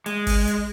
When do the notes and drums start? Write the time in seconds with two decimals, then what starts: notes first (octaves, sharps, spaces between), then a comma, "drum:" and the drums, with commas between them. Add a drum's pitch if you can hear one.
0.06 G#3, drum: hi-hat
0.27 drum: kick G1, open hi-hat
0.47 drum: hi-hat